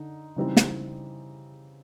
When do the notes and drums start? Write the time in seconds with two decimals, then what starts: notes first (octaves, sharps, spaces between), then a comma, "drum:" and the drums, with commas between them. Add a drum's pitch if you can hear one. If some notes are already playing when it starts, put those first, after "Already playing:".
Already playing: D3 D#4
0.36 C#3 E3 G3 C4 D#4
0.57 drum: snare